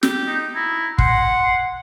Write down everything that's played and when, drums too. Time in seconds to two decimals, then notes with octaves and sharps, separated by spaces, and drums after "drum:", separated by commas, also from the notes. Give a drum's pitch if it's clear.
0.03 G4, drum: snare
0.27 D#4
0.55 E4 A#5
0.98 F#5 C6, drum: kick